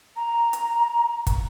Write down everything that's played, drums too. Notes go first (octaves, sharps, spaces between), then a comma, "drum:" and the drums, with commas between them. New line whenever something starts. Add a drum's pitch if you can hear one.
A#5
drum: hi-hat
drum: kick, hi-hat